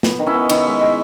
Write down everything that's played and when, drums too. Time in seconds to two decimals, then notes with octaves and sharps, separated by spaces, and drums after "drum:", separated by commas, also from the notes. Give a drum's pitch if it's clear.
0.03 B3, drum: snare
0.19 D#3
0.27 C#4 E4
0.34 B3
0.49 D#3 C#4 E4, drum: cymbal
0.66 G#3
0.81 G#3